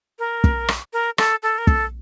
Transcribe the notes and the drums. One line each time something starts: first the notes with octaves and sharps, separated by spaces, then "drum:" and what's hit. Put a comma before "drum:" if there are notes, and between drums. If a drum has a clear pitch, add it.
A#4
drum: kick
drum: rim click
A#4
A4, drum: rim click
A4
A#4
A4, drum: kick